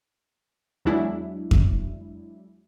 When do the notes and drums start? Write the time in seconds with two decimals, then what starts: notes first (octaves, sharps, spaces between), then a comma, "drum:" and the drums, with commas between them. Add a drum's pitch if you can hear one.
0.85 E2 F#3 G#3 D4 E4
1.51 drum: kick F2